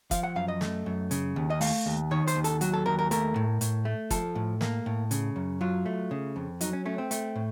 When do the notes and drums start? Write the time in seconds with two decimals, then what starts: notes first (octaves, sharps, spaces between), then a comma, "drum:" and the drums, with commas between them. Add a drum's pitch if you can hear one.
0.11 F3 F5, drum: kick, hi-hat
0.23 F#5
0.36 F#2 F5
0.48 D#5
0.61 A3, drum: snare
0.86 F#2
1.11 C#3, drum: hi-hat
1.36 D#2
1.50 D#5
1.61 A3 F5, drum: open hi-hat
1.86 D#2
2.11 D#3 C#5
2.28 C5, drum: hi-hat
2.36 D#2
2.44 A4, drum: hi-hat
2.61 F#3 F#4, drum: hi-hat
2.74 A4
2.86 D#2 A#4
2.99 A#4
3.11 A3 A#4, drum: hi-hat
3.36 A2
3.61 A2, drum: hi-hat
3.85 A3
4.10 F3 A4, drum: kick, hi-hat
4.35 A2
4.61 A#3, drum: snare
4.86 A2
5.11 C#3, drum: hi-hat
5.36 F#2
5.61 F#3 F4
5.86 A3
6.11 C#3
6.36 F2
6.61 F#3 D#4, drum: hi-hat
6.73 C#4
6.86 A3 C#4
6.98 C4
7.11 A3, drum: hi-hat
7.35 A2